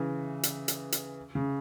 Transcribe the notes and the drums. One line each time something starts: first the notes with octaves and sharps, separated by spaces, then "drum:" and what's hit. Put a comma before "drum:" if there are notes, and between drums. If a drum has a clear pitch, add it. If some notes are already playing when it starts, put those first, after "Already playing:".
Already playing: C#3 E3
drum: hi-hat
drum: hi-hat
drum: hi-hat
C#3